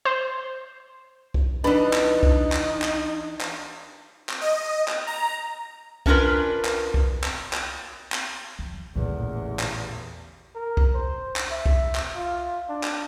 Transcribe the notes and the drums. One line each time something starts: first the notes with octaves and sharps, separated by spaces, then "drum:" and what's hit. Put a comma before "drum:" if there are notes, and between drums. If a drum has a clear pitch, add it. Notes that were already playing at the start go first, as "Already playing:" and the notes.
C5
drum: kick C2
E3 D4 D#4 B4
drum: clap
drum: kick C2
drum: clap
drum: clap
drum: clap
drum: clap
D#5
drum: clap
A#5
A3 C#4 D4 F4 A#4 B4, drum: kick C2
drum: clap
drum: kick C2
drum: clap
drum: clap
drum: clap
E2 F3
A1 E2 A#2 C#3
drum: clap
A#4
drum: kick C2
C5
drum: clap
E5
drum: kick C2
drum: clap
F4
D4
drum: clap